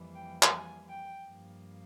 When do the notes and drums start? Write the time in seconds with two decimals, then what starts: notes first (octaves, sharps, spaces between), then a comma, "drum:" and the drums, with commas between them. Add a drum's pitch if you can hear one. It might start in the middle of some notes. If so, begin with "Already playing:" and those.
Already playing: F2 E3 G3 A#3
0.15 G5
0.43 drum: clap
0.52 G#5
0.88 G5
1.26 G2 F3 A#3